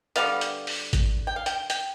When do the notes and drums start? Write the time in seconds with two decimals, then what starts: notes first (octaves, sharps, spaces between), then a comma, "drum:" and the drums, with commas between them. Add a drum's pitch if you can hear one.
0.16 D3 G3 B3 F5, drum: hi-hat
0.41 drum: hi-hat
0.67 drum: open hi-hat
0.93 drum: kick G#1, hi-hat
1.27 G5
1.36 F5
1.46 G5, drum: hi-hat
1.70 G5, drum: hi-hat